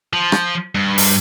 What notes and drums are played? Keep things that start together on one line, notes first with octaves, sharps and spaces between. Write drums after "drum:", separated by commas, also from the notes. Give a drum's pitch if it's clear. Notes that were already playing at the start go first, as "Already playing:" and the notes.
F3
drum: rim click
G2
drum: open hi-hat